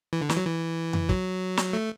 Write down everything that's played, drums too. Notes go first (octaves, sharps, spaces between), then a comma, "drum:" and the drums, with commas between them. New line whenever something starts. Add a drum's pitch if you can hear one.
E3
D3
E3, drum: snare
F#3
E3
drum: tom F2
F#3, drum: kick
drum: snare
A3